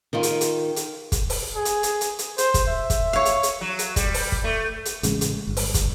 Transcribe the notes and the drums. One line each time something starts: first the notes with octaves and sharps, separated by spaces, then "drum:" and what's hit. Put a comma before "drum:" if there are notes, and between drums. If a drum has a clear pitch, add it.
D#3 D#4 F4
drum: hi-hat
drum: hi-hat
drum: hi-hat
drum: kick, hi-hat
drum: open hi-hat
G#4
drum: hi-hat
drum: hi-hat
drum: hi-hat
drum: hi-hat
C5, drum: hi-hat
drum: kick, hi-hat
E5
drum: kick, hi-hat
C#5 F5
drum: hi-hat
drum: hi-hat
F#3
drum: hi-hat
G3, drum: kick, hi-hat
drum: open hi-hat
drum: kick
A3
drum: hi-hat
A1 C#3 E3 G#3, drum: hi-hat
drum: hi-hat
G1
drum: open hi-hat
drum: kick, hi-hat